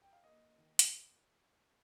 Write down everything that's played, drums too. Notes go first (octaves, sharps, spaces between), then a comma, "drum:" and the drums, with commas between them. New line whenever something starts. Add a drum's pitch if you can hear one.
G5
F5
A#3 D#5
D#3
drum: hi-hat